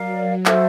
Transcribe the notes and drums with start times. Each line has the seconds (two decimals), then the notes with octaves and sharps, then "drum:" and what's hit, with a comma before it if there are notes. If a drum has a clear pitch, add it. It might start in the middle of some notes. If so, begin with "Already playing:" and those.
Already playing: F#3 A#4 D5 F5
0.46 F#4 A4 C5 E5, drum: clap